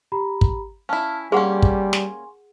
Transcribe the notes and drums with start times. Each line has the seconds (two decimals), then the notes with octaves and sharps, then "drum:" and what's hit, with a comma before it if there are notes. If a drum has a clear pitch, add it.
0.12 G4 A#5 B5
0.41 drum: kick
0.89 C#4 E4 F5 A5 F6
1.32 G3 A#3 C#4 G#4 F#5 C6
1.62 drum: kick
1.93 drum: snare